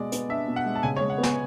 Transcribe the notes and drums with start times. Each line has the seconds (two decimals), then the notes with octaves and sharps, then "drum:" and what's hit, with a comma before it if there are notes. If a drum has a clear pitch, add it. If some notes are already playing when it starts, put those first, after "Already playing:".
Already playing: B2 G#3 D5
0.12 B3, drum: hi-hat
0.29 D4 E5
0.48 B2
0.56 F#5
0.66 G#3
0.76 A5
0.83 C#3 G#5
0.96 C#5
1.01 G#3
1.10 F#5
1.18 B3
1.23 G#5, drum: snare